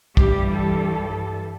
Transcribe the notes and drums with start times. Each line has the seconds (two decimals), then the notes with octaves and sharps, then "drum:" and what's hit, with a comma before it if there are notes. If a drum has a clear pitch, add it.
0.17 G2 E3 G3 G4, drum: kick
0.56 A4